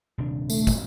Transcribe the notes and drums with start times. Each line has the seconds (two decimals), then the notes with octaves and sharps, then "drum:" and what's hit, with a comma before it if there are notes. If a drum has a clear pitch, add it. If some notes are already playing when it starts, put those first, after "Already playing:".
0.18 D#1 C3 D4
0.50 A3, drum: tambourine
0.67 drum: kick, tambourine